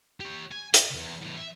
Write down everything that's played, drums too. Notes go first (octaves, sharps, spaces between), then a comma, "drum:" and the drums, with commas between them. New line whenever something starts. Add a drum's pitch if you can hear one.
G4 C#5
G#5
D5 D#5, drum: hi-hat
E2 C#3
E2 A2
E5